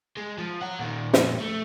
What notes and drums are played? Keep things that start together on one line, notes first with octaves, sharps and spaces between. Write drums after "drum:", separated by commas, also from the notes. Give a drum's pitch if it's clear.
G#3
F3
C#5 F#5
A#2 D#3
F2 A#2, drum: snare
A3